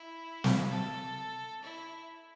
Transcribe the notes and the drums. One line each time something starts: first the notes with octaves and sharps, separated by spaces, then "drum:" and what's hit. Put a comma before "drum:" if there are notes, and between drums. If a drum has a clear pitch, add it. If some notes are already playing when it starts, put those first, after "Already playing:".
Already playing: E4
drum: snare
A4
E4